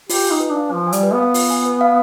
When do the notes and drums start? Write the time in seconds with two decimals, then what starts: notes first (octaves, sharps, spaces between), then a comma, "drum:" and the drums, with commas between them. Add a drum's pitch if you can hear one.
0.09 F4 G4, drum: open hi-hat
0.25 G#5
0.30 D#4
0.40 B4
0.51 D4
0.56 F5
0.72 F3 F4
0.87 G#5
0.92 G3, drum: hi-hat
1.03 B4
1.14 B3 F5
1.34 F4, drum: open hi-hat
1.50 G#5
1.66 B4
1.81 F5